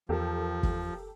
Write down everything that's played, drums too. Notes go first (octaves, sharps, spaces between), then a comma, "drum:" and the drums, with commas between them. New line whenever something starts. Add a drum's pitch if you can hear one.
E2 F3 G4 A4 A#4
drum: kick F#1